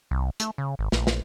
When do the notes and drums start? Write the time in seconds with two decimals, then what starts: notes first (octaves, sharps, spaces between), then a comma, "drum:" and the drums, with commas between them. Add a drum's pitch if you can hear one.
0.11 C2
0.40 A3, drum: hi-hat
0.58 C#3
0.79 G#1
0.92 A#1, drum: snare
1.07 drum: snare